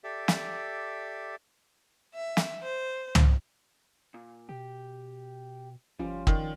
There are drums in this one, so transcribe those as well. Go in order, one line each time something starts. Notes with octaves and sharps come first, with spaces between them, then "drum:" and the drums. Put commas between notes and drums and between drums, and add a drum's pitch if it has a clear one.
G4 A4 D5 E5
drum: snare
E5
drum: snare
C5
drum: tom
A#2
B2 G4
G1 F3 G3 C#4 F4
D#3 D5, drum: kick